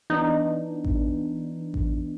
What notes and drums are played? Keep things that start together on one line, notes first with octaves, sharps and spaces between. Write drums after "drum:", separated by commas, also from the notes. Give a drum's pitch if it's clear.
E3 B3 D4 D#4
drum: kick A1
drum: kick A1